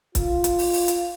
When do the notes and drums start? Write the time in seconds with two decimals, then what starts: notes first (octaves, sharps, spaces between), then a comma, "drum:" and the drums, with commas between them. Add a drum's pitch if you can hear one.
0.15 F4, drum: kick C#1, hi-hat
0.44 drum: hi-hat
0.59 drum: open hi-hat
0.73 drum: open hi-hat
0.88 drum: hi-hat